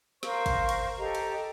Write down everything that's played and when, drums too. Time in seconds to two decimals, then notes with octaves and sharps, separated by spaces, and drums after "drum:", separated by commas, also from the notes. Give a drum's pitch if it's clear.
0.23 A#4 C5 F5 C#6, drum: snare
0.46 drum: kick, cymbal
0.69 drum: cymbal
0.98 G4 A4 D#5 A#5
1.15 drum: cymbal